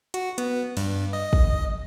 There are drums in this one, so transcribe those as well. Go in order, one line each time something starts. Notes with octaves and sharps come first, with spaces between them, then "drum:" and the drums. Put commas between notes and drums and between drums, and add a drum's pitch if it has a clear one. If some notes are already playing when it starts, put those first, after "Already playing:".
F#4, drum: hi-hat
B3, drum: hi-hat
G2, drum: cymbal
D#5
drum: kick